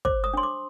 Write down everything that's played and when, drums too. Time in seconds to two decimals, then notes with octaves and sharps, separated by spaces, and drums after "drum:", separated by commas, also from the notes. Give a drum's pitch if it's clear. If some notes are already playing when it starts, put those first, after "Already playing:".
0.05 C5 D6, drum: kick
0.24 D#6
0.34 D4 C6
0.43 D6